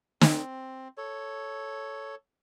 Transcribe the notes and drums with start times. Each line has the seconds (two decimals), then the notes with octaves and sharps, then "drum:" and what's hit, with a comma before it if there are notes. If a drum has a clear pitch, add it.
0.21 C4, drum: snare
0.97 A4 C#5